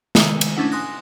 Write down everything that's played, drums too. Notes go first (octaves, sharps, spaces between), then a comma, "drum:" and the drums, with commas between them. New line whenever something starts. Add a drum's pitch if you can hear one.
D#3 G#3 E6 C#7 D#7, drum: snare
drum: cymbal
A3 C#4 D4 E4 F#5
G#5 C6 D#6 F#6 A#6